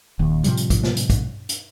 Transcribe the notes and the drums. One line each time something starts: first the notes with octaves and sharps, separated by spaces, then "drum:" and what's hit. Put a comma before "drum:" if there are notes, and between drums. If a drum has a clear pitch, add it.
D#1 D#2
A2 C3 F3 G3, drum: hi-hat
drum: hi-hat
drum: kick, hi-hat
drum: snare
drum: hi-hat
drum: kick, hi-hat
drum: hi-hat